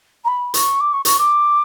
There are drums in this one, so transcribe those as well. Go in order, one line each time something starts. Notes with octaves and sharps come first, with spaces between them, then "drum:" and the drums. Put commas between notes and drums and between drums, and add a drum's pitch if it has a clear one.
A#5
B5
C#6, drum: hi-hat
D6
C#6
C#6, drum: hi-hat
D6